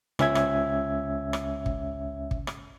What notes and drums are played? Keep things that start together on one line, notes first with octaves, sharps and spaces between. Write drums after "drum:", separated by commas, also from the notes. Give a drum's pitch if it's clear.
C#2 C#4 E5 G#6, drum: rim click
drum: rim click
drum: rim click
drum: kick
drum: kick
drum: rim click